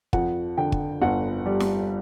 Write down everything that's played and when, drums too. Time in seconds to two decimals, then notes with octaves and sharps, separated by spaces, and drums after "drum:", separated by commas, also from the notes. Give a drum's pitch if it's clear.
0.13 F2 F#5, drum: kick
0.58 D3 G5
0.72 drum: kick
1.02 G1 F#5
1.46 G3
1.60 drum: snare